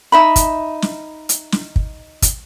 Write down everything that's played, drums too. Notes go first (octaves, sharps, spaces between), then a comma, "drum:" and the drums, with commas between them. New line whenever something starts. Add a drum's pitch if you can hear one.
D#4 E5 B5
drum: kick, hi-hat
drum: snare
drum: hi-hat
drum: snare
drum: kick
drum: kick, hi-hat